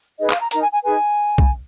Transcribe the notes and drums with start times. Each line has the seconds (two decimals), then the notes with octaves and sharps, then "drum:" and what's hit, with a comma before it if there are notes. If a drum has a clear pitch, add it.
0.19 D#4 G#4 B4 D#5
0.30 F5, drum: clap
0.40 A#5
0.51 D#4 A#4 A#5, drum: hi-hat
0.62 G#5
0.72 G#5
0.82 D#4 G#4 B4 G#5
1.38 drum: kick B1